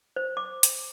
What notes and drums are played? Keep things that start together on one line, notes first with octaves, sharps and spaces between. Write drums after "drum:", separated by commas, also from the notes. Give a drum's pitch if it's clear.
C5
D6
drum: hi-hat